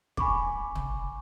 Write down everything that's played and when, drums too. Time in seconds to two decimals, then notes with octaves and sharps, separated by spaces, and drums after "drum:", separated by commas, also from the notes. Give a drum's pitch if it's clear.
0.17 G#5 B5 C#6 D6, drum: kick
0.75 drum: tom